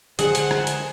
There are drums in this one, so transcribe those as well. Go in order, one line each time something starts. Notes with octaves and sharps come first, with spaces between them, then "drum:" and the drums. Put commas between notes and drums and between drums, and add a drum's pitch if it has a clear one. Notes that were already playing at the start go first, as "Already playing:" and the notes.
D3 G#3 D4 G#4 C5 F#5 G#5, drum: hi-hat
drum: hi-hat
drum: rim click
drum: hi-hat